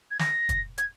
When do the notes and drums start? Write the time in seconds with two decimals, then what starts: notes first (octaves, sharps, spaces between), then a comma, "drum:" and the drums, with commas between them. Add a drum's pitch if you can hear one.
0.10 G#6
0.19 A#6, drum: snare
0.49 drum: kick, hi-hat
0.78 G#6, drum: hi-hat